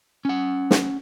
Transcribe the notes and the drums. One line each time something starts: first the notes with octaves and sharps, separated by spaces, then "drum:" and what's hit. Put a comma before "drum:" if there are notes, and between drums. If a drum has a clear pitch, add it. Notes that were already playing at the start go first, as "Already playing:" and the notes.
C#4 F#5
drum: snare